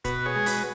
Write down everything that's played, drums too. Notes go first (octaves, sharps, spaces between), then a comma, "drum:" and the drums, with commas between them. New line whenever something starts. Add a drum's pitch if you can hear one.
B2 F#4 B4, drum: kick, hi-hat
G#4 C#5
G#3
F#4 B4, drum: open hi-hat